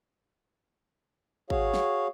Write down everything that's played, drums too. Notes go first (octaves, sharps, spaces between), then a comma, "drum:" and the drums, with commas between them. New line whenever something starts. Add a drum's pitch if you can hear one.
F#4 G#4 C#5 F5, drum: kick G#1
drum: snare